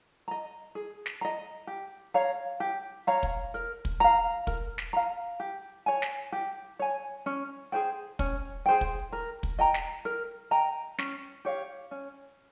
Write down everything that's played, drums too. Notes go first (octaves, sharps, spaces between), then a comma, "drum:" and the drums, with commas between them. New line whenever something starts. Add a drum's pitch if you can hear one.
D#5 A#5
G#4
drum: snare
D#5 A#5
G4
C#5 F5 A#5
G4
C#5 F5 A#5
drum: kick
A#4
drum: kick
F5 A#5
A#4, drum: kick
drum: snare
F5 A#5
G4
C#5 G#5
drum: snare
G4
C#5 G#5
C#4
G#4 C5 G5
C#4, drum: kick
G#4 C5 G5
drum: kick
A#4
drum: kick
D#5 G5 A#5
drum: snare
A#4
D#5 G5 A#5
C#4, drum: snare
G4 C#5 F5
C#4